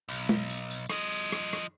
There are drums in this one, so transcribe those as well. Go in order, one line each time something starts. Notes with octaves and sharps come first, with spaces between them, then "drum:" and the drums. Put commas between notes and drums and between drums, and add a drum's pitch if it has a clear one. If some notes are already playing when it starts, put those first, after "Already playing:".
B1, drum: tambourine
drum: tom
drum: tambourine
drum: tambourine
F3 D#5, drum: rim click
drum: tambourine
drum: rim click
drum: rim click